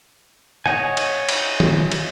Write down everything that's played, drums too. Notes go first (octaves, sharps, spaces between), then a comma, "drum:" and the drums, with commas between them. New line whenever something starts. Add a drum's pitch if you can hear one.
C#5 D#5 F#5 G#5, drum: rim click
drum: cymbal
drum: cymbal
drum: tom D#3
drum: cymbal